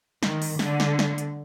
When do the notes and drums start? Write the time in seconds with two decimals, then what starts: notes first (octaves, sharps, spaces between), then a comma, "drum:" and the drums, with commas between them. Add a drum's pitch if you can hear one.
0.23 D#3, drum: snare
0.42 drum: open hi-hat
0.59 D3, drum: snare
0.80 drum: snare
0.99 drum: snare
1.18 drum: hi-hat